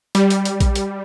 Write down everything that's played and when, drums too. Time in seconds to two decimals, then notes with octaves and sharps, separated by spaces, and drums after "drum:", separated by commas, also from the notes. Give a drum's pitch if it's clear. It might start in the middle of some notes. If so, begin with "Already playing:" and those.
0.15 G3, drum: hi-hat
0.30 drum: hi-hat
0.45 drum: hi-hat
0.60 drum: kick A#1, hi-hat
0.76 drum: hi-hat